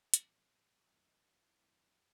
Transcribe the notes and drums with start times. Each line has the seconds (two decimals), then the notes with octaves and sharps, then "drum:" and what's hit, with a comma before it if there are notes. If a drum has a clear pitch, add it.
0.14 A2 E3 G3 C4, drum: hi-hat
0.87 F#2 D#3 F#3 A3 C4 E4 E5
1.00 E5
1.05 D#4 D#5
1.24 F#4 F#5
1.42 E4 E5
1.61 F#2 D#3 F#3 A3 C4 E4 E5
1.87 F#5
1.98 G4 G5